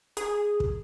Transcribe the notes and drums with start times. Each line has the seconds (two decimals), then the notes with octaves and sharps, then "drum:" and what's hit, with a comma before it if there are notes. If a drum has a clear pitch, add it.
0.17 G#4, drum: hi-hat
0.60 drum: kick